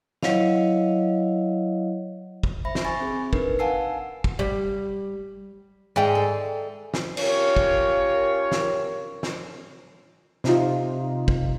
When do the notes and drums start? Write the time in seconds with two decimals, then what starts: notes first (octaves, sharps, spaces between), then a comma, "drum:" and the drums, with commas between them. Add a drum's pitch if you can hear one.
0.23 F#3 E4 C#5 D#5 F5, drum: snare
2.43 drum: kick
2.65 C5 E5 B5 A#6
2.75 drum: snare
2.85 G#5 B5 C#6 A6
3.00 C4 G#4
3.33 D4 D#4 A#4 B4, drum: kick
3.59 F5 F#5 G#5 A5 E6 C7
4.24 drum: kick
4.39 G3
5.96 G#2 G#3 D5 E5 G5
6.15 A4
6.94 drum: snare
7.17 C#4 F4 G4 A#4 C#5, drum: cymbal
7.56 drum: kick
8.52 drum: snare
9.23 drum: snare
10.44 C3 D#4 F4, drum: snare
11.28 drum: kick